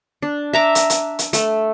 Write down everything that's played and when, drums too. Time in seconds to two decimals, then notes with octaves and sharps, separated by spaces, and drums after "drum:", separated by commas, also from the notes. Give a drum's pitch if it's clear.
0.22 D4
0.53 E5 A#5 D6
0.75 drum: hi-hat
0.90 drum: hi-hat
1.19 drum: hi-hat
1.33 A3, drum: hi-hat